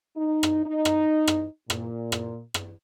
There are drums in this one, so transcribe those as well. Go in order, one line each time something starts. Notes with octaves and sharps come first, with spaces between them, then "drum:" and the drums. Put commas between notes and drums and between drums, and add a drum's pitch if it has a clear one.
D#4
drum: rim click
D#4
drum: rim click
drum: rim click
A#2, drum: rim click
drum: rim click
drum: rim click